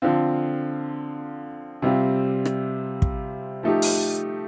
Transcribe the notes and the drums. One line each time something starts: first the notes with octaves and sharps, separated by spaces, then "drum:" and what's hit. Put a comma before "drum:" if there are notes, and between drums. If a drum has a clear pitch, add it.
D3 F3 C4 F4
C3 G3 C4 F4
drum: rim click
drum: kick
F3 A3 D#4 G4
drum: open hi-hat